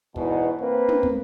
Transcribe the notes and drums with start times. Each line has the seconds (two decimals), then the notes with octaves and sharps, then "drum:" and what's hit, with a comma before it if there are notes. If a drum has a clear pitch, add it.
0.16 E2 G#2 B2, drum: kick
0.60 A#3 C4 B4 C5
0.88 drum: tom
1.03 drum: kick